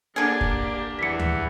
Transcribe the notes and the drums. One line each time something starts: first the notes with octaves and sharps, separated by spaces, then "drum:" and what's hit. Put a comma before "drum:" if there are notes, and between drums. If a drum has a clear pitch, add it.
D3 A#3 D4 G4 G#4
drum: kick
E2 E3 B6 C#7
drum: tom D2